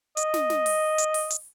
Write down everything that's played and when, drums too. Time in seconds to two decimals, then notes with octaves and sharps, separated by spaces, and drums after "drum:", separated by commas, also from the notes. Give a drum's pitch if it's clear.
0.17 D#5, drum: hi-hat
0.34 drum: snare
0.50 drum: snare
0.66 drum: open hi-hat
0.98 drum: hi-hat
1.14 drum: open hi-hat
1.30 drum: hi-hat